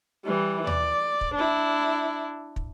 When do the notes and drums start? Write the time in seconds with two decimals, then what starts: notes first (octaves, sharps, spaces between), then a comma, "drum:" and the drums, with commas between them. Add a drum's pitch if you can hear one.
0.24 E3 G3
0.67 D5, drum: tom D#2
1.21 drum: kick
1.35 D4 E4
2.56 drum: kick